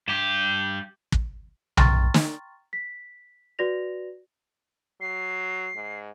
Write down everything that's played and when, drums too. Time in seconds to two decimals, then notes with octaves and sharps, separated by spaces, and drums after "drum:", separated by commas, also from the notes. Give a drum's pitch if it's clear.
0.08 G2 G4
1.12 drum: kick
1.77 G5 A#5 C6 C#6 F6 A6, drum: tom B1
2.14 drum: snare
2.73 B6
3.59 F#4 B4 D5 A#6 F7
5.01 F#3 C7
5.76 G#2